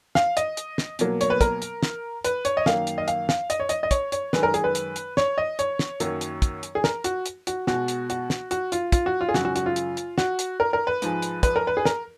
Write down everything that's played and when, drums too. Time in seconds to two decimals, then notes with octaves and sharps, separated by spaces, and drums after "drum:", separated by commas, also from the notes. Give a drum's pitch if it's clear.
0.15 F5, drum: snare
0.37 D#5, drum: hi-hat
0.57 drum: hi-hat
0.78 drum: snare
0.99 B2 F#3 A#3, drum: hi-hat
1.21 C#5, drum: hi-hat
1.30 B4
1.41 A#4, drum: kick, hi-hat
1.62 drum: hi-hat
1.83 drum: snare
2.25 B4, drum: hi-hat
2.45 C#5, drum: hi-hat
2.57 D#5
2.66 F#2 D#3 A#3 F5, drum: snare
2.87 drum: hi-hat
2.98 D#5
3.08 F5, drum: hi-hat
3.29 F5, drum: snare
3.50 D#5, drum: hi-hat
3.60 C#5
3.69 D#5, drum: hi-hat
3.83 D#5
3.91 C#5, drum: kick, hi-hat
4.12 C#5, drum: hi-hat
4.33 F#2 D#3 G#3 B4, drum: snare
4.43 A#4
4.54 G#4, drum: hi-hat
4.64 B4
4.75 drum: hi-hat
4.96 drum: hi-hat
5.17 C#5, drum: snare
5.38 D#5
5.59 C#5, drum: hi-hat
5.79 drum: snare
6.00 F#2 D#3 F#3 A#3, drum: hi-hat
6.21 drum: hi-hat
6.42 drum: kick, hi-hat
6.63 drum: hi-hat
6.75 G#4
6.84 A#4, drum: snare
7.04 F#4, drum: hi-hat
7.26 drum: hi-hat
7.47 F#4, drum: hi-hat
7.67 B2 G#3 F#4, drum: snare
7.88 drum: hi-hat
8.10 F#4, drum: hi-hat
8.30 drum: snare
8.51 F#4, drum: hi-hat
8.72 F4, drum: hi-hat
8.92 F4, drum: kick, hi-hat
9.06 F#4
9.21 F4
9.29 G#4
9.34 F#2 C#3 G#3 F#4, drum: snare
9.45 F#4
9.56 F#4, drum: hi-hat
9.66 F4
9.76 drum: hi-hat
9.97 drum: hi-hat
10.18 F#4, drum: snare
10.39 drum: hi-hat
10.60 A#4
10.73 A#4
10.87 B4
11.02 G#2 F3 G#3, drum: hi-hat
11.22 drum: hi-hat
11.43 B4, drum: kick, hi-hat
11.56 A#4
11.67 B4
11.77 G#4
11.85 A#4, drum: snare